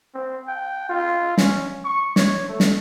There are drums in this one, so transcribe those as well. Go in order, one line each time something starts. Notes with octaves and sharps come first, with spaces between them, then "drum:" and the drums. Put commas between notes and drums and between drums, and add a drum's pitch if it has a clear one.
C4
G5
F4
C#4, drum: snare
C#6
C#5, drum: snare
A3
drum: snare